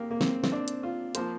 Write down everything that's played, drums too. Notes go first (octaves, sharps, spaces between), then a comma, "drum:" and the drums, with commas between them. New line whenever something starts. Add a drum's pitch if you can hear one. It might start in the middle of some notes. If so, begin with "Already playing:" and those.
Already playing: F2 C3 A#3 G4
A#3
C4, drum: snare
C4, drum: snare
D4
drum: hi-hat
F4
F3 A#3 C5, drum: hi-hat